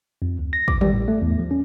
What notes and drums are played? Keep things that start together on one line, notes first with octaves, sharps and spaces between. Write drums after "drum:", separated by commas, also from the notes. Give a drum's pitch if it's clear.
F2
D2
A#6
D6, drum: kick
G3, drum: tom D3
A2
A3
E2
F3
C#4